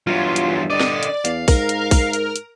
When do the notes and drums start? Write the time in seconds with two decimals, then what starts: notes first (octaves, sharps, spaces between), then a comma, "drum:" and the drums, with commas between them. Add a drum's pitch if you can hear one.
0.07 E2 G2 F#3 F4
0.36 drum: hi-hat
0.70 D3 D5 D#5
0.80 drum: snare
1.03 drum: hi-hat
1.25 E2 F5, drum: hi-hat
1.48 G#2 A#4, drum: kick, open hi-hat
1.69 drum: hi-hat
1.91 drum: kick, open hi-hat
2.13 drum: hi-hat
2.36 drum: hi-hat